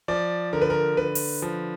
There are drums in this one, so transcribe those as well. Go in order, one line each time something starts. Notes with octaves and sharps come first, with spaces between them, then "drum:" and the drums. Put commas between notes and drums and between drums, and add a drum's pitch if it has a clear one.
F3 D5
D3 A#4
B4
A#4
D3 B4
drum: open hi-hat
F3